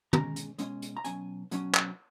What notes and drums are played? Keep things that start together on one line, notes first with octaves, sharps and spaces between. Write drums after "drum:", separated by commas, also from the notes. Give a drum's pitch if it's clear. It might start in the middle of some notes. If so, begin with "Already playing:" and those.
B2 G#3 C#4 A#5, drum: tom
drum: hi-hat
B2 G#3 C#4, drum: hi-hat
drum: hi-hat
A#5
B2 F#3 C#4 G#5, drum: hi-hat
B2 F#3 C#4, drum: hi-hat
drum: clap